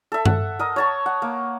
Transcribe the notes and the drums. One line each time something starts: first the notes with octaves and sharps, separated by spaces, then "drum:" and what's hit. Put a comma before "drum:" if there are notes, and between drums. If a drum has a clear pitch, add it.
A4 E5
F#5, drum: tom G2
A#4 D#5
C#5 A5 C#6
F#5
A#3